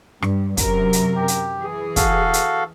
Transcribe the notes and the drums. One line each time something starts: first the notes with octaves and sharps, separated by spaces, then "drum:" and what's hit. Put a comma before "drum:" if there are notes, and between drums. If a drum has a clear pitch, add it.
G2, drum: rim click
F#2 C3 A#4, drum: kick, hi-hat
drum: hi-hat
G4
drum: hi-hat
E3 G#4
F#4 A4 F5, drum: kick, hi-hat
drum: hi-hat